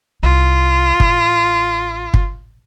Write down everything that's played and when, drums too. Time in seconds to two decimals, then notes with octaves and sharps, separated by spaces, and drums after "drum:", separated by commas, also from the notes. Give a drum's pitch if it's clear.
0.23 C2 F4
1.00 A1, drum: kick
2.14 drum: kick